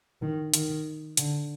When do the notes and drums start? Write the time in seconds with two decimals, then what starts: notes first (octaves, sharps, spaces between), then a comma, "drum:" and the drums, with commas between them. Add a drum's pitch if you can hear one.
0.22 D#3
0.54 D#3, drum: hi-hat
1.17 D3, drum: hi-hat